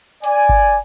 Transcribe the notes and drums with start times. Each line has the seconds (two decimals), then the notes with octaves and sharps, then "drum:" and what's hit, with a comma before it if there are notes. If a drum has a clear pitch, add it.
0.24 D5 G#5, drum: hi-hat
0.49 drum: kick G1